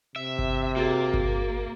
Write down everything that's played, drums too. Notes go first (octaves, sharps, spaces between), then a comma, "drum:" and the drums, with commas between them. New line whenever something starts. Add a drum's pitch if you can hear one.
C3 E5
drum: kick G1
A#3 F#4 G#4 A6
drum: kick G1